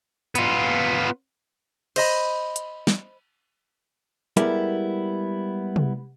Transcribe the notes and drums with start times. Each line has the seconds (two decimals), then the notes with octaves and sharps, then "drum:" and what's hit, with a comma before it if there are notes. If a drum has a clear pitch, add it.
0.35 B3 F4, drum: hi-hat
1.96 C5 D#5 B5, drum: cymbal
2.56 drum: hi-hat
2.87 drum: snare
4.37 G3 G#3 B3 E4 G4 A#4, drum: hi-hat
5.76 drum: tom C3